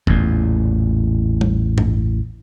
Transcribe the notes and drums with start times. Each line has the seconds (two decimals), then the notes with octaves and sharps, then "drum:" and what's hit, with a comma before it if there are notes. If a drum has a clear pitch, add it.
0.07 A1 E2 A#2, drum: kick F1
1.41 drum: tom G3
1.78 drum: tom G2